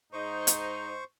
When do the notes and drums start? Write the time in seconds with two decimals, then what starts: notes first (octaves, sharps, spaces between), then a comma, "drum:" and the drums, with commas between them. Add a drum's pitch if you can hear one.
0.13 G#2 D#4 C5 C#6
0.47 drum: hi-hat